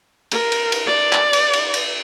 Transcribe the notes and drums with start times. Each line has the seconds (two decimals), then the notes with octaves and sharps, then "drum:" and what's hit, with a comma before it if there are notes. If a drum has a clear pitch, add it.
0.31 A#4, drum: cymbal
0.52 drum: cymbal
0.72 drum: cymbal
0.86 D5
1.13 drum: clap
1.33 drum: cymbal
1.53 drum: cymbal
1.74 drum: cymbal